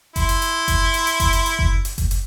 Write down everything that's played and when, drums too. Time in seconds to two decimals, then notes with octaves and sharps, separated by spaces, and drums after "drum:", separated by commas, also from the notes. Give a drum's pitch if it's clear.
0.16 E4 C6, drum: kick F#1, hi-hat
0.29 drum: hi-hat
0.42 drum: hi-hat
0.68 drum: kick F#1, hi-hat
0.94 drum: hi-hat
1.07 drum: hi-hat
1.20 drum: kick F#1, hi-hat
1.33 drum: hi-hat
1.46 drum: hi-hat
1.59 drum: kick F#1
1.85 drum: hi-hat
1.98 drum: kick F#1, hi-hat
2.11 drum: hi-hat